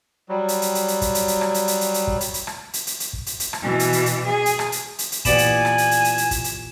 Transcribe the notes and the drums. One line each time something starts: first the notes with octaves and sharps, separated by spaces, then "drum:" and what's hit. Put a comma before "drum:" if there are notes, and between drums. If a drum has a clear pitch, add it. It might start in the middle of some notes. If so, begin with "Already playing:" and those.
F#3 G3
drum: hi-hat
drum: hi-hat
drum: hi-hat
drum: hi-hat
drum: kick, hi-hat
drum: hi-hat
drum: hi-hat
drum: rim click
drum: hi-hat
drum: hi-hat
drum: hi-hat
drum: hi-hat
drum: kick
drum: hi-hat
drum: hi-hat
drum: rim click
drum: hi-hat
drum: hi-hat
drum: hi-hat
drum: kick
drum: hi-hat
drum: hi-hat
drum: rim click
B2 E3
drum: hi-hat
drum: hi-hat
drum: hi-hat
G#4
drum: hi-hat
drum: rim click
drum: hi-hat
drum: hi-hat
drum: hi-hat
A#2 E3 B3 G4 D5 G#5 B5 E7, drum: kick, hi-hat
drum: hi-hat
drum: rim click
drum: hi-hat
drum: hi-hat
drum: hi-hat
drum: hi-hat
drum: kick, hi-hat
drum: hi-hat